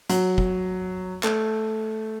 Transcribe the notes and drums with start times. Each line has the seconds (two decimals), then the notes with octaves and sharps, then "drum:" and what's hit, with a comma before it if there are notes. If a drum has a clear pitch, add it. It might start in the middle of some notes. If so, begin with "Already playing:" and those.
0.10 F#3, drum: hi-hat
0.38 drum: kick
1.23 A3, drum: clap